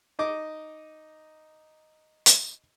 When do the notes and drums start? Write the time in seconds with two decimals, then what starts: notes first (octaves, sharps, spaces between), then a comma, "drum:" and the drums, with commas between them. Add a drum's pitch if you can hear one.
0.19 D#4 D#5 D6
2.26 drum: hi-hat